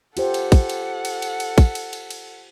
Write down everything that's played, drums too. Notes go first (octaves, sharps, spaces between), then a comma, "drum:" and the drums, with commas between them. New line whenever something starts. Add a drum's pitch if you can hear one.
F4 G4 A4 C5 F#5, drum: cymbal
drum: cymbal
drum: kick, cymbal
drum: cymbal
drum: cymbal
drum: cymbal
drum: cymbal
drum: kick, cymbal
drum: cymbal
drum: cymbal
drum: cymbal